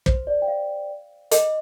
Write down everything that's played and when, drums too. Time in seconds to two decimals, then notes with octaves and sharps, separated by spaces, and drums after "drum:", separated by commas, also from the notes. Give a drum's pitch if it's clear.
0.06 C5, drum: kick
0.27 D5
0.42 G5
0.48 F5
1.31 D#5, drum: hi-hat